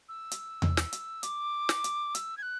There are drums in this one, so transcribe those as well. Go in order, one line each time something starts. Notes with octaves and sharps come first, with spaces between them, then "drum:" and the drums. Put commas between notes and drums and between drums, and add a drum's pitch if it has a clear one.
E6
drum: hi-hat
drum: tom E2
drum: snare
drum: hi-hat
D6, drum: hi-hat
drum: snare
drum: hi-hat
E6, drum: hi-hat
G#6
F#6